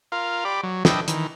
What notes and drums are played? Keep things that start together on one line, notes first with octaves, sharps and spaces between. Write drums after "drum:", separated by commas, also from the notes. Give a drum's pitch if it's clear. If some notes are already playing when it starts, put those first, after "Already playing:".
F4 A#4 F5
G4 D5 B5
F#3
D4 B4 D#5 E5 G5, drum: snare
D#3 E3, drum: hi-hat